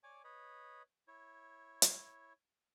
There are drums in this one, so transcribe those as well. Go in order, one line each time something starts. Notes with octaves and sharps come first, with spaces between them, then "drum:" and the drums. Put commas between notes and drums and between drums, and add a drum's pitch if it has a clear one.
C#5 D5 G#5 D6
B4 C#5 D#5
E4 C#5
drum: hi-hat